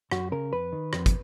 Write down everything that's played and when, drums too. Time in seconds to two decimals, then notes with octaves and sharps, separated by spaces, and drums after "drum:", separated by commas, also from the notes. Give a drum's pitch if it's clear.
0.12 F#2 F#4, drum: rim click
0.32 C#3 A#4
0.52 F2 B4
0.72 D#3
0.93 F2, drum: rim click
1.06 drum: kick, hi-hat